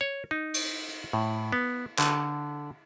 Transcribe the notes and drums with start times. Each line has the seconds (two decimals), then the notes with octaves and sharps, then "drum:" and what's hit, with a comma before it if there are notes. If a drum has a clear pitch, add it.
0.01 C#5
0.31 D#4
0.54 drum: cymbal
0.89 drum: hi-hat
1.13 A2
1.52 B3
1.99 D3, drum: clap